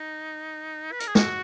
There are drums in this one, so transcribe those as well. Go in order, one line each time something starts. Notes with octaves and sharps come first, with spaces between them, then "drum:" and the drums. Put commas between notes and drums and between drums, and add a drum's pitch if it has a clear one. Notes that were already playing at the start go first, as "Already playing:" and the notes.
Already playing: D#4
B4
A#4, drum: hi-hat
G#4
F#4, drum: snare